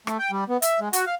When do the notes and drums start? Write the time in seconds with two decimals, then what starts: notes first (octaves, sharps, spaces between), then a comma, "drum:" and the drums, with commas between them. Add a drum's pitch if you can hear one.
0.07 A3, drum: rim click
0.19 G5
0.31 G3
0.49 B3
0.62 E5, drum: hi-hat
0.80 G#3
0.93 F#4, drum: hi-hat
1.06 F5